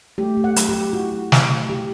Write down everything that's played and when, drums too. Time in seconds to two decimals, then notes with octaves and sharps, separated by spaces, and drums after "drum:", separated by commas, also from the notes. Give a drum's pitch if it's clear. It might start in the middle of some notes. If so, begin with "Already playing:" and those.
0.18 A3 G4
0.37 A3
0.44 F#5
0.56 F#3, drum: hi-hat
0.69 G4
0.75 F#3
0.93 E4 F#4
1.12 F#3
1.32 F#3, drum: snare
1.50 A3
1.69 F#3 G4